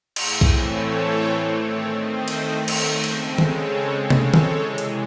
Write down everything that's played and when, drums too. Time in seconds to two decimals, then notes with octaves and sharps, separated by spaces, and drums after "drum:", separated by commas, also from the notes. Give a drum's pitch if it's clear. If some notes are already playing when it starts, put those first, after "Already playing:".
0.16 A2 E3 A3 C4 E4 G#4, drum: cymbal
0.41 drum: kick
0.52 A4 C#5
1.60 D#3 A3 C4 A4 C#5
1.95 C5 D#5
2.28 drum: cymbal
2.68 A4 C#5, drum: cymbal
3.04 C#3 G#3 C4, drum: cymbal
3.38 A4 C#5, drum: tom D#3
4.10 A4 C#5, drum: tom C3
4.34 drum: tom D#3
4.47 C3 E3 G#3
4.78 drum: hi-hat